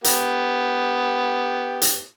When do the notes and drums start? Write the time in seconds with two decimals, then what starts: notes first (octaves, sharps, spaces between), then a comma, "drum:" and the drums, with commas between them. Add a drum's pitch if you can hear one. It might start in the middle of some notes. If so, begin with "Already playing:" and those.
0.04 B3 G4, drum: hi-hat
1.82 drum: hi-hat